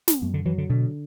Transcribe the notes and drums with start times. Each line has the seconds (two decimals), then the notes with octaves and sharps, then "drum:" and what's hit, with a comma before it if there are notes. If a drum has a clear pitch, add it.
0.08 drum: snare
0.22 F#2 B3
0.34 D3
0.45 E3 F#3
0.58 D3
0.70 B2 D3